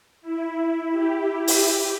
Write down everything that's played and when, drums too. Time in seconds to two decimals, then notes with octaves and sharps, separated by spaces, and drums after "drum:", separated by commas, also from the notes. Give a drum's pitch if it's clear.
0.22 E4
0.91 G4
1.48 drum: open hi-hat
1.62 G4